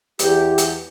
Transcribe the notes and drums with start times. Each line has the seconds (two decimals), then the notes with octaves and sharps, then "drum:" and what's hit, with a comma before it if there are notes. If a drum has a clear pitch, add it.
0.19 E2 G4, drum: hi-hat
0.58 drum: hi-hat